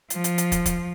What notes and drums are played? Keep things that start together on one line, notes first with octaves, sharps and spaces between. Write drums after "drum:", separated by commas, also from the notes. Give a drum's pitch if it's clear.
F3, drum: hi-hat
drum: hi-hat
drum: hi-hat
drum: kick, hi-hat
drum: kick, hi-hat